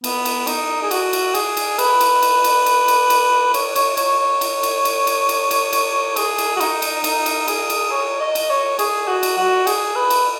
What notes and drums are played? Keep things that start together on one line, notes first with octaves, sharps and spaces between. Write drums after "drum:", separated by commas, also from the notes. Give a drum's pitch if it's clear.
B3, drum: cymbal
drum: cymbal
D#4, drum: cymbal
G#4
F#4, drum: cymbal
drum: cymbal
G#4, drum: cymbal
drum: cymbal
B4, drum: cymbal
drum: cymbal
drum: cymbal
drum: cymbal
drum: cymbal
drum: cymbal
drum: cymbal
C#5, drum: cymbal
C#5, drum: cymbal
C#5, drum: cymbal
C#5
drum: cymbal
drum: cymbal
drum: cymbal
drum: cymbal
drum: cymbal
drum: cymbal
drum: cymbal
G#4, drum: cymbal
drum: cymbal
F#4
D#4, drum: cymbal
drum: cymbal
D#4, drum: cymbal
drum: cymbal
G#4, drum: cymbal
drum: cymbal
C#5
D#5
drum: cymbal
C#5
G#4, drum: cymbal
F#4
drum: cymbal
F#4
G#4, drum: cymbal
B4
drum: cymbal